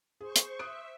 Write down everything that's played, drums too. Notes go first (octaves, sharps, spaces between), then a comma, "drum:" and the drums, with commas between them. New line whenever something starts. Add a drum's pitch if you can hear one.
G#4 C5 C#6
drum: hi-hat
E5 D#6 F#6 D7